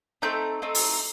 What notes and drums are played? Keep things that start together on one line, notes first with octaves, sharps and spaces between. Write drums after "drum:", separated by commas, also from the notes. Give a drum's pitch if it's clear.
A3 C4 D#4 G6
A3 C4 D#4
drum: open hi-hat